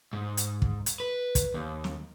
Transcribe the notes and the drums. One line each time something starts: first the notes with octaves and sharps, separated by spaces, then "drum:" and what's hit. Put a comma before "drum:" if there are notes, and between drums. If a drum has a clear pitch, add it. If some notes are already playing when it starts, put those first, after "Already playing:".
G#2
drum: hi-hat
drum: kick
drum: hi-hat
B4
drum: kick, hi-hat
D#2
drum: snare